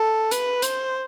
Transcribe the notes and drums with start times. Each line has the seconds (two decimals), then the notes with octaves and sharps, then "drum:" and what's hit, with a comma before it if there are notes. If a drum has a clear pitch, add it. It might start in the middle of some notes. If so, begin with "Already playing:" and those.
Already playing: A4
0.31 B4, drum: hi-hat
0.62 C5, drum: hi-hat